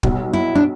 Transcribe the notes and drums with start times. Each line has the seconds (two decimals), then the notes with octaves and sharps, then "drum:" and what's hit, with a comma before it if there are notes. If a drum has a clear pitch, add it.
0.03 B1 B2 G3, drum: kick
0.33 E4
0.55 D4